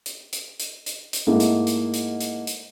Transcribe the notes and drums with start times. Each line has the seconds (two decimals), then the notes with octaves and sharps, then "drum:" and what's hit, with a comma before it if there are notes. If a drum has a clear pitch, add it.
0.06 drum: hi-hat
0.33 drum: hi-hat
0.60 drum: hi-hat
0.86 drum: hi-hat
1.13 drum: hi-hat
1.27 G#2 A3 A#3 E4 G#4
1.40 drum: hi-hat
1.67 drum: hi-hat
1.94 drum: hi-hat
2.21 drum: hi-hat
2.47 drum: hi-hat